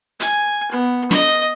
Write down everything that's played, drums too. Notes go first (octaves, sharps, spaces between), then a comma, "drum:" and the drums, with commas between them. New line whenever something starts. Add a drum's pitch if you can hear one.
G#5, drum: hi-hat
B3
D#5, drum: snare